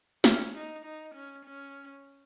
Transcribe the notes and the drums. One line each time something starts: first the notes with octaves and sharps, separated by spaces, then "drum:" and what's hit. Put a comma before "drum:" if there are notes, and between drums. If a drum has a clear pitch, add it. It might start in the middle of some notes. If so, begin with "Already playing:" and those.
C#4, drum: snare
D#4
D#4
C#4
C#4